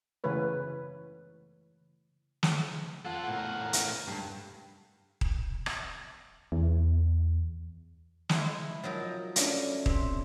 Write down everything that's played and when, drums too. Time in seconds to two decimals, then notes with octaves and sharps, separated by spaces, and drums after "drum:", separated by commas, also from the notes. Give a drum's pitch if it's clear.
0.24 C#3 E3 A3 B4 C#5
2.43 drum: snare
3.05 F4 A4 F#5
3.27 A2 A#4
3.73 drum: hi-hat
4.08 G2
5.21 drum: kick D#1
5.66 drum: rim click
6.52 E2
8.29 G#3 E4, drum: snare
8.84 F3 F#3 D#4 A#4
9.36 A3 C#4 D4 G#5, drum: hi-hat
9.86 C3, drum: kick D#1